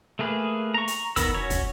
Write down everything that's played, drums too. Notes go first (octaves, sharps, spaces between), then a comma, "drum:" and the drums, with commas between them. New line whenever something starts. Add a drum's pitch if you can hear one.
A3 A#3 G#4 B4
A#5 C#6
drum: hi-hat
D#3 B3 A#4 B5 E6, drum: kick, hi-hat
C#4 F#4 C#5
drum: kick, hi-hat